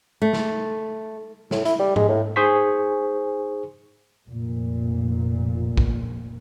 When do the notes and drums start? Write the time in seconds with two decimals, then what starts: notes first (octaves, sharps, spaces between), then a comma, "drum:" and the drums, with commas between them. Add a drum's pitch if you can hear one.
0.22 A3
0.33 drum: snare
1.51 A2, drum: snare
1.65 E4, drum: hi-hat
1.80 G3
1.96 G#3, drum: tom G#2
2.08 A2
2.36 D#4 G#4 C5 G#5 C#6 B6
4.28 F1 A#2
5.78 drum: kick